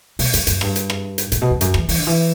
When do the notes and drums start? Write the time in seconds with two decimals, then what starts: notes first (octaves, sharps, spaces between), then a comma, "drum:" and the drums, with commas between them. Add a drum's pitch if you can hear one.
0.19 B2, drum: open hi-hat
0.33 F#2, drum: hi-hat
0.47 F#2, drum: hi-hat
0.61 G2, drum: rim click
0.76 drum: hi-hat
0.90 drum: rim click
1.18 drum: hi-hat
1.32 A2, drum: hi-hat
1.41 B2
1.50 E2
1.61 F#2, drum: hi-hat
1.74 E3, drum: rim click
1.89 E3, drum: open hi-hat
1.98 D3
2.07 E3